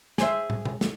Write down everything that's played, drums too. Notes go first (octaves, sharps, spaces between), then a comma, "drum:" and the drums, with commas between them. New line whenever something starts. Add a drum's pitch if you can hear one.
G#4 C5 E5, drum: snare
drum: tom
drum: tom
drum: snare